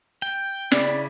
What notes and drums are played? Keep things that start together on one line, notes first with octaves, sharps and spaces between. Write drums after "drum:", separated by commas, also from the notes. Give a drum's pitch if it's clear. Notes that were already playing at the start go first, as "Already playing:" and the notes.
G5
C#3 E4 D5, drum: snare